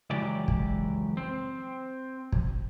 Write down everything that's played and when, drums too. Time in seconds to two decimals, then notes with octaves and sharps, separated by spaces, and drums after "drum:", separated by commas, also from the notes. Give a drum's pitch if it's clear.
0.10 C#2 F#2 E3 F#3 G4 D5
0.48 drum: kick
1.17 C4
2.32 drum: kick